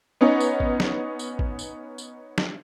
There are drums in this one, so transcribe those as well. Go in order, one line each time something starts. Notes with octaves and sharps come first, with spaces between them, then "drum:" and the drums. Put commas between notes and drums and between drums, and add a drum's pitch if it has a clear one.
B3 C#4 D#4
drum: tambourine
drum: kick A1
drum: snare
drum: tambourine
drum: kick A1
drum: tambourine
drum: tambourine
drum: snare